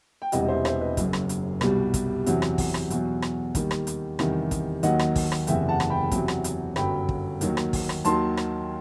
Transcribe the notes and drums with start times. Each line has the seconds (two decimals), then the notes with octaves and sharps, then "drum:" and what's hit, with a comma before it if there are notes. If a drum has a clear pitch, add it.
0.22 G5
0.32 E1 E2 C3 E3 G3 D#5 F#5, drum: hi-hat
0.42 D#5
0.48 C5 E5
0.65 C5 E5, drum: rim click
0.81 B4 D#5
0.97 F#1 F#2 F#3, drum: kick, hi-hat
1.13 drum: rim click
1.29 drum: hi-hat
1.61 C2 B2 G3, drum: rim click
1.94 drum: kick, hi-hat
2.26 E2 C3 F#3, drum: hi-hat
2.42 drum: rim click
2.58 drum: kick, open hi-hat
2.74 drum: rim click
2.90 E2 B2 F#3, drum: hi-hat
3.22 drum: rim click
3.55 D#2 D#3 G3, drum: kick, hi-hat
3.71 drum: rim click
3.87 drum: hi-hat
4.19 E2 C3 D#3 G3, drum: rim click
4.51 drum: kick, hi-hat
4.83 D#2 D#3 F#3 D#5 F#5, drum: hi-hat
4.99 drum: rim click
5.16 drum: kick, open hi-hat
5.32 drum: rim click
5.47 F#1 E2 C3 E5 G5, drum: hi-hat
5.69 F#5 A5
5.80 drum: rim click
5.90 G5 B5
6.11 E2 C3 F#3, drum: kick, hi-hat
6.28 drum: rim click
6.44 drum: hi-hat
6.76 G1 F#2 F#3 G5 B5, drum: rim click
7.09 drum: kick
7.41 D#2 D#3 F#3, drum: hi-hat
7.57 drum: rim click
7.73 drum: kick, open hi-hat
7.89 drum: rim click
8.05 D#2 D#3 F#3 A5 C6, drum: hi-hat
8.37 drum: rim click